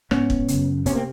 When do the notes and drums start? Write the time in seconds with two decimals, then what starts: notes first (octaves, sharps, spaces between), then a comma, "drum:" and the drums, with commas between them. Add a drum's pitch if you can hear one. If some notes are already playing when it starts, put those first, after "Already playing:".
0.11 G#2 B3 C#4, drum: rim click
0.30 drum: kick
0.48 F#2 C#3, drum: hi-hat
0.86 C3 B3 C#4, drum: hi-hat
0.95 A#3 C4